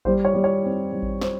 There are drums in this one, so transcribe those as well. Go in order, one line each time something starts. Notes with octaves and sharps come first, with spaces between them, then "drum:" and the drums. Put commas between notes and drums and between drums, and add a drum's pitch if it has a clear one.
G3 C5, drum: kick A1
C#5
G3
C#5
C4
G3
drum: kick A1
C5, drum: snare